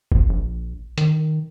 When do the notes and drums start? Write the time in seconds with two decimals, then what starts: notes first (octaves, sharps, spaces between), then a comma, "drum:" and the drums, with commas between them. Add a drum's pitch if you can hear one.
0.12 C#2, drum: kick
0.29 A#1
0.98 D#3, drum: hi-hat